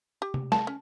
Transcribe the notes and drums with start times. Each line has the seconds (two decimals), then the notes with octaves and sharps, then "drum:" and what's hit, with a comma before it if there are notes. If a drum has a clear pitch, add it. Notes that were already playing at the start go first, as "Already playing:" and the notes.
0.22 G4
0.34 drum: tom C3
0.52 A5, drum: snare
0.67 C#4